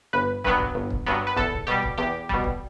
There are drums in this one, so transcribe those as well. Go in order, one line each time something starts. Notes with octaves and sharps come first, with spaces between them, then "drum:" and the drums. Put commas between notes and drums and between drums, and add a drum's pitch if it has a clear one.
G1 B4
G2 F#3 B3 B4, drum: kick
drum: kick
G1
drum: kick
G2 F#3 B3
B4
E2 A4, drum: kick
drum: kick
B2 G3 G4
drum: kick
E2 G4
B2 G3, drum: kick
drum: kick